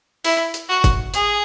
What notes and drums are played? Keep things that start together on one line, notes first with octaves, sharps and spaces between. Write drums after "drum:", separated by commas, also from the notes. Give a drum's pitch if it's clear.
E4, drum: open hi-hat
drum: hi-hat
F#4
drum: kick G1, hi-hat
G#4, drum: hi-hat